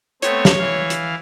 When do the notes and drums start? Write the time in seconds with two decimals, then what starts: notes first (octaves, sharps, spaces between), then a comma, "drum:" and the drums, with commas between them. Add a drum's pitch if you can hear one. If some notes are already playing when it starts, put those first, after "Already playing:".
0.22 A3 B3 C4 C#5, drum: hi-hat
0.45 drum: snare
0.59 E3 F5
0.90 drum: hi-hat